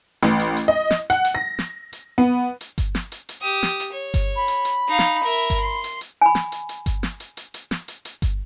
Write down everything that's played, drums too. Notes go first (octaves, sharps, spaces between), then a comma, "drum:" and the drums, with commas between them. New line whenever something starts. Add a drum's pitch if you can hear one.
A1, drum: snare
drum: hi-hat
drum: hi-hat
D#5
drum: snare
F#5, drum: hi-hat
drum: hi-hat
A#6
drum: snare
drum: hi-hat
B3
drum: hi-hat
drum: kick G1, hi-hat
drum: snare
drum: hi-hat
drum: hi-hat
G4 D#6
drum: snare
drum: hi-hat
C#5
drum: kick G1, hi-hat
B5
drum: hi-hat
drum: hi-hat
D#4 F5
drum: snare
A#4 E5
drum: kick G1, hi-hat
C6
drum: hi-hat
drum: hi-hat
G#5 B5
drum: snare
drum: hi-hat
drum: hi-hat
drum: kick G1, hi-hat
drum: snare
drum: hi-hat
drum: hi-hat
drum: hi-hat
drum: snare
drum: hi-hat
drum: hi-hat
drum: kick G1, hi-hat